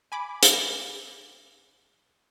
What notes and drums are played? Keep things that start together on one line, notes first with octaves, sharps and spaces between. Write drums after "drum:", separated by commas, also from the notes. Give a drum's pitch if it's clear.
G#5 B5 D6
drum: hi-hat